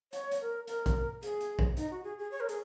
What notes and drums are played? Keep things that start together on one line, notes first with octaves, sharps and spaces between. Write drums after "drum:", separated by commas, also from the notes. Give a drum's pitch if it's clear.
C#5, drum: hi-hat
drum: hi-hat
A#4
A#4, drum: hi-hat
drum: kick, hi-hat
G#4, drum: hi-hat
drum: hi-hat
drum: kick
D#4, drum: hi-hat
F#4
G#4
G#4
C#5
A#4
G#4, drum: hi-hat